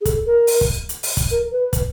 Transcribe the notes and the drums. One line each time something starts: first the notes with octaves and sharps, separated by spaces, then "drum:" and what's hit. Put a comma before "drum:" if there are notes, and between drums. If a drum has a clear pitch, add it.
G#4
A4, drum: kick, hi-hat
A#4
drum: open hi-hat
drum: kick
drum: hi-hat
drum: open hi-hat
drum: kick, hi-hat
A#4
B4
drum: kick, hi-hat